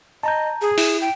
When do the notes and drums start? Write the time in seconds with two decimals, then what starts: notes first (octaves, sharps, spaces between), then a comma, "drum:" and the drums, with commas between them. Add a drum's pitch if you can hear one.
0.23 D#5 A5 A#5 G6
0.62 G#4
0.78 E4, drum: open hi-hat
1.01 G5